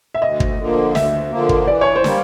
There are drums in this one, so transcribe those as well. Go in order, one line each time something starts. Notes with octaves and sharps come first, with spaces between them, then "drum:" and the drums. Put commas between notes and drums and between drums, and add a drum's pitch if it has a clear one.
E5
D2 D#5
drum: kick
D3 F3 A#3
D2 E5, drum: snare
D3 F3 A#3
drum: kick
E3 D5
C#5
C5
G3 A#3, drum: snare